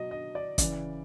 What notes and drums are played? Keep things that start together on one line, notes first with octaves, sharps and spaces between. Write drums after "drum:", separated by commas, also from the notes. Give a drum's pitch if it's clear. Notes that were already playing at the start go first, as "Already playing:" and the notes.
Already playing: B2 F#3 D#5
D#5
D5
C#3 E3 D5, drum: kick, hi-hat